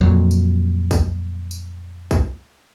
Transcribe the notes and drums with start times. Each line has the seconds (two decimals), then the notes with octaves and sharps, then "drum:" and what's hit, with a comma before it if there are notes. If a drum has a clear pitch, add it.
0.01 F2 A#2 F#3
0.31 drum: tambourine
0.91 drum: kick, tambourine
1.51 drum: tambourine
2.11 drum: kick, tambourine